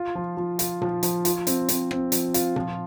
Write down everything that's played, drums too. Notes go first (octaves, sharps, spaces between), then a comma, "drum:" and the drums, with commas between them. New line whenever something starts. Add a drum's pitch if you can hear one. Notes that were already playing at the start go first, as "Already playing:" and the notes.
Already playing: F4
F3
F3
F4, drum: hi-hat
F3, drum: tom A#2
F3, drum: hi-hat
F4, drum: hi-hat
C4, drum: hi-hat
C4, drum: hi-hat
C4, drum: rim click
F3, drum: hi-hat
F4, drum: hi-hat
F3, drum: tom A#2